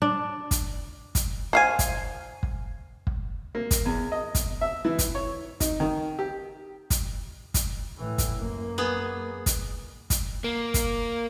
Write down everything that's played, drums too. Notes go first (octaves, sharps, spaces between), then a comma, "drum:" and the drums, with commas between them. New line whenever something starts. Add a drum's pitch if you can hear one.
D4
drum: kick, hi-hat
drum: kick, hi-hat
C5 F5 G#5
drum: kick, hi-hat
drum: kick
drum: kick
A#3
drum: kick, hi-hat
E2
D#5
drum: kick, hi-hat
E5
E3
drum: kick, hi-hat
C#5
D#4, drum: kick, hi-hat
D#3
G4
drum: kick, hi-hat
drum: kick, hi-hat
A2 E3
drum: kick, hi-hat
F#2 A#3
B3 G#4
drum: kick, hi-hat
drum: kick, hi-hat
A#3
drum: kick, hi-hat